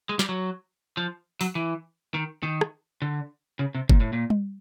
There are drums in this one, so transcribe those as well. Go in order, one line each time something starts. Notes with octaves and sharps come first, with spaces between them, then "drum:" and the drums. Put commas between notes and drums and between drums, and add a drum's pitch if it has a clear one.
G#3
G3, drum: snare
F#3
F3
F#3, drum: open hi-hat
E3
D#3
D#3
drum: rim click
D3
C#3
C3
A#2, drum: kick
A2
A#2
drum: tom G3